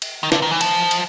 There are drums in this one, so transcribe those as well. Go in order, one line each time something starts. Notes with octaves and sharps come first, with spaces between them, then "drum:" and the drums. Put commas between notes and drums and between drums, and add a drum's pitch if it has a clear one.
drum: cymbal
D#3
D3, drum: snare
D#3
E3
F3, drum: cymbal
drum: cymbal